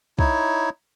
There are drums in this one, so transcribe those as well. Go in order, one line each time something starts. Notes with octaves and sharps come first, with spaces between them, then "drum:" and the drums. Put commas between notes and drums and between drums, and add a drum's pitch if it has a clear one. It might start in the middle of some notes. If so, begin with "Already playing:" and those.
D#4 E4 C#5, drum: kick